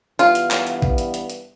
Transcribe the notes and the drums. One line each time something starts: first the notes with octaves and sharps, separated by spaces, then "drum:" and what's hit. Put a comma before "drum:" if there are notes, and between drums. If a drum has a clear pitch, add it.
G2 E3 G3 B3 E4 F4, drum: hi-hat
drum: hi-hat
drum: clap
drum: hi-hat
drum: kick A1
drum: hi-hat
drum: hi-hat
drum: hi-hat